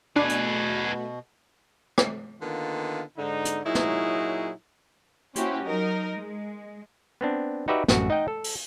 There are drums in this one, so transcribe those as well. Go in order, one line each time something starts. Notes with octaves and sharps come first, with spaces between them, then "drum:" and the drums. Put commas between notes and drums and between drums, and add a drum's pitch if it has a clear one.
B2 A3 B3 D4 F#4 G#4 B4
drum: hi-hat
drum: rim click
D3 D#3 A#3 B3 F4
G#2 D3 D#4
drum: hi-hat
A#2 F#3 D#4 E4 G#4 C#5
drum: snare
A#3 C#4 E4 F#4 G4 C5, drum: hi-hat
F#3 D#4 A#4
G#3
B3 C4 D4
D#4 F#4 G4 B4 D5 E5
A1 F#2 F#4, drum: snare
D#4 D#5 F#5 G5
A4
drum: open hi-hat